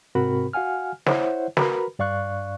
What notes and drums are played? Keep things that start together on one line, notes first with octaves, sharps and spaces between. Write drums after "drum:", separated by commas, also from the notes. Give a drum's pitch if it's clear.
G#2 C3 C4 F#4 A#4 B5
F#4 F5 F#5 G#5 F6
E4 C5 C#5 E5 F#5, drum: snare
F#4 A#4 B4 A#5 B5, drum: snare
G2 D5 F5 C#6 F#6